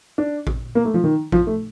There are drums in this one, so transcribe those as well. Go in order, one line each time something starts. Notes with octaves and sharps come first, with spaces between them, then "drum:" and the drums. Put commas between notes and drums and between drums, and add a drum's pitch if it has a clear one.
D4
drum: kick A1
A#3
A3
F3
D#3
F3, drum: kick A1
A3